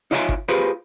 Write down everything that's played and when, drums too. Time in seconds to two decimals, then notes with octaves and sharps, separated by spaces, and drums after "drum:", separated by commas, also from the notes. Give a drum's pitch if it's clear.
0.11 D#4 F4 C#5 E5 G5 G#5
0.29 drum: kick G1
0.48 F4 G4 G#4 B4 C5